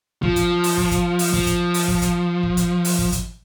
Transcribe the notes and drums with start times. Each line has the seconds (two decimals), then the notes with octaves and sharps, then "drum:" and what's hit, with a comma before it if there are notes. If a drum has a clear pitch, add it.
0.23 F3, drum: kick
0.36 drum: kick, hi-hat
0.64 drum: open hi-hat
0.77 drum: kick
0.91 drum: kick, hi-hat
1.19 drum: open hi-hat
1.33 F3, drum: kick
1.46 drum: kick, hi-hat
1.74 drum: open hi-hat
1.88 drum: kick
2.02 drum: kick, hi-hat
2.43 drum: kick
2.57 drum: kick, hi-hat
2.85 drum: open hi-hat
2.98 drum: kick
3.12 drum: kick, hi-hat